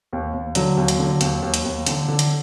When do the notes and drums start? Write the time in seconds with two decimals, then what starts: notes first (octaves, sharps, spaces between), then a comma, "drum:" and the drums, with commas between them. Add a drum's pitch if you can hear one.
0.13 D#2
0.33 D#2
0.55 D3 F#3, drum: hi-hat
0.77 D#2
0.88 drum: hi-hat
0.99 D3
1.21 D#2, drum: hi-hat
1.42 D#2
1.54 drum: hi-hat
1.65 D#2
1.86 D3, drum: hi-hat
2.08 D3
2.19 drum: hi-hat